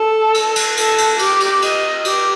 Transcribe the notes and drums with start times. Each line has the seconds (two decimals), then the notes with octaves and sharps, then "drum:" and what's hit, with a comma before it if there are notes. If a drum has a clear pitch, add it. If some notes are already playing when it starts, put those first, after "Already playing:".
Already playing: A4
0.35 drum: cymbal
0.56 drum: cymbal
0.77 A4, drum: cymbal
0.98 drum: cymbal
1.19 G4, drum: cymbal
1.40 drum: cymbal
1.62 D#5, drum: cymbal
2.05 G4, drum: cymbal